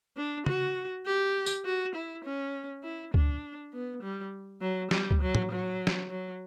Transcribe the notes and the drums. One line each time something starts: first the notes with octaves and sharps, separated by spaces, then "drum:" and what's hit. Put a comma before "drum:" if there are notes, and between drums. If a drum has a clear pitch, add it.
D4
F#4, drum: tom C#3
G4
drum: tambourine
F#4
E4
C#4
E4
D4, drum: kick C#2
B3
G3
F#3
G3, drum: snare
drum: kick C#2
F#3
drum: tom
F#3
drum: snare
F#3